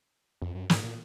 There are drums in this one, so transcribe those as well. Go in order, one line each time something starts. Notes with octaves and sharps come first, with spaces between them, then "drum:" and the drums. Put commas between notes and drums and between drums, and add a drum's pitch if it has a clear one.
F2
F#2
G#2, drum: snare
A#2